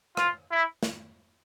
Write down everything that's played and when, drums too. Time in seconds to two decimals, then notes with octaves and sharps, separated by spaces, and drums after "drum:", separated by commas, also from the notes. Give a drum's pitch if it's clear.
0.17 F4, drum: rim click
0.52 E4
0.83 drum: snare